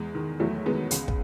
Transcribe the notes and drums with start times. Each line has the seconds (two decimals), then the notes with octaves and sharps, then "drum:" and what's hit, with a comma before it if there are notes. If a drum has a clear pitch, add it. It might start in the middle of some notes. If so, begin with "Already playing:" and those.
Already playing: E2 G#3
0.15 D#3
0.40 E2 F#3 A3
0.66 D#3 G#3 B3
0.91 C#2, drum: hi-hat
1.08 drum: kick